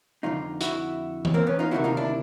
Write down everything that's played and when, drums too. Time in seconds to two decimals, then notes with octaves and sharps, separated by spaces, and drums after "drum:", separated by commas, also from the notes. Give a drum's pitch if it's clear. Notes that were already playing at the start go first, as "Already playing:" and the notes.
0.23 F2 D3 D#4 F4
0.61 E4 F#4, drum: hi-hat
1.25 drum: tom E3
1.34 A#3 C4
1.47 B3 C#4
1.59 D#4 F4
1.71 D2 C3 D#3 E4 F#4
1.84 D#4 F4
1.97 D4 E4